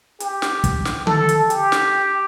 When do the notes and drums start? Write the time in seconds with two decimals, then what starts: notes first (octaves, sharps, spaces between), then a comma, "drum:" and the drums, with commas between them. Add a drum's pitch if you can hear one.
0.20 G4, drum: hi-hat
0.42 drum: snare
0.64 drum: kick, hi-hat
0.85 drum: snare
1.07 A4, drum: tom D3
1.29 drum: hi-hat
1.50 G4, drum: hi-hat
1.72 drum: snare